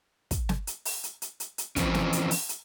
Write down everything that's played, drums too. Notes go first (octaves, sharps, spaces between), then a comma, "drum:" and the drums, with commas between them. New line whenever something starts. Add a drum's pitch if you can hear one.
drum: kick, hi-hat
drum: snare
drum: hi-hat
drum: open hi-hat
drum: hi-hat
drum: hi-hat
drum: hi-hat
drum: hi-hat
E3 F3 C4 C#4, drum: kick, hi-hat
drum: snare
drum: hi-hat
drum: open hi-hat
drum: hi-hat